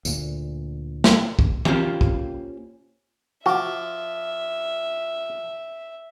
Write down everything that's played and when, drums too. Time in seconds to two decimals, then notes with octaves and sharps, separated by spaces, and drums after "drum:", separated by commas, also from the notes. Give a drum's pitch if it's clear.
0.05 D2 A#2, drum: tambourine
1.04 drum: snare
1.39 drum: kick
1.65 A#3 C4 C#4 F4 G4, drum: tom E3
2.01 drum: kick
3.46 F3 F#4 E5 D6